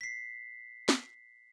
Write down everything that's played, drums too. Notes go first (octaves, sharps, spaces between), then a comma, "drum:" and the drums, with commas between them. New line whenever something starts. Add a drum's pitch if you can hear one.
B6 C7
drum: snare